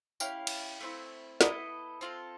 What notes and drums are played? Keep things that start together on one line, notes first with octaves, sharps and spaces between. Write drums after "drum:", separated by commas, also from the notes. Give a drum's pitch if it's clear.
C#4 E4 G4 F5, drum: tambourine
drum: cymbal
A3 C4 E4
B3 E4 A4 D#5, drum: snare
C4 F4 A4